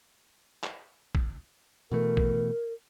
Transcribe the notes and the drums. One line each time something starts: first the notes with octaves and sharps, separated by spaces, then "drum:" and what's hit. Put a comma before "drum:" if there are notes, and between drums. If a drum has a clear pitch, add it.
drum: clap
drum: kick
B2 E3 A3 A#4
drum: kick